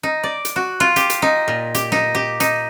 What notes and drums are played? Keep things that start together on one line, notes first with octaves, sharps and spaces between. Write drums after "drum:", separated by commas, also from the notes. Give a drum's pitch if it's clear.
D#4
D5
drum: hi-hat
F#4
F4
G4, drum: hi-hat
drum: hi-hat
D#4
A#2
G4, drum: hi-hat
D#4, drum: snare
G4
D#4, drum: hi-hat